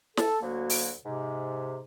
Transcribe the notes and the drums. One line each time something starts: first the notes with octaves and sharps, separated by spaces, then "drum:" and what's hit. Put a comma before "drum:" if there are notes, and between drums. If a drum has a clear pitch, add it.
A4, drum: snare
D2 F#3 A#3
drum: open hi-hat
G#2 C3